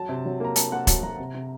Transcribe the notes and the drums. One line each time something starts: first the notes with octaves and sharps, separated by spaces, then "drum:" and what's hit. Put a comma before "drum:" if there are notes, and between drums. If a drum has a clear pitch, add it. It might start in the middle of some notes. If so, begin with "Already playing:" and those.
Already playing: F#3 A5
C3
F#3
A#3 A#5
A#3 A5, drum: hi-hat
A#3 F#5
F#3 A5, drum: kick, hi-hat
F#3 A#5
C3
C3